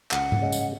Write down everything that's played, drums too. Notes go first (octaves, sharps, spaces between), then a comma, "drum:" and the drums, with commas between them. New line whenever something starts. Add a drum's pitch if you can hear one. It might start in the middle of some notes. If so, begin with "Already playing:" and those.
C#2 F#5, drum: clap
drum: tom G#2
C#3 G#3
drum: tambourine